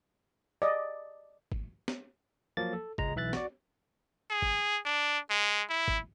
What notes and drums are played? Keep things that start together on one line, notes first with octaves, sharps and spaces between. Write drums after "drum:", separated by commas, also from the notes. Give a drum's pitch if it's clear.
D5 D#5
drum: kick
drum: snare
F3 F#3 A#3 A6
A4
C#2 G#3 A#5, drum: kick
B1 E3 E5 F#6 A6
F#4 D5, drum: snare
G#4
drum: kick
D4
G#3
E4
drum: kick